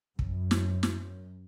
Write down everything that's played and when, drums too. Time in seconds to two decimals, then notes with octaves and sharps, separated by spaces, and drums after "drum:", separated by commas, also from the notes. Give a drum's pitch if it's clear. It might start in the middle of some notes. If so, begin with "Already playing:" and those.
0.19 F#2, drum: kick
0.51 drum: snare
0.83 drum: snare